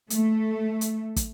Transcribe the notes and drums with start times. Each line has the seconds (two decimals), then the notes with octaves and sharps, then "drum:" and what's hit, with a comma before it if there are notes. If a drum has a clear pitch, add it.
0.10 A3, drum: hi-hat
0.81 drum: hi-hat
1.16 drum: kick, hi-hat